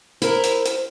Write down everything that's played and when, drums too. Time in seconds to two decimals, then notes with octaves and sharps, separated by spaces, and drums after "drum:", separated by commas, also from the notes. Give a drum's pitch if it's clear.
0.22 E4 A#4 C5, drum: hi-hat
0.43 drum: hi-hat
0.65 drum: hi-hat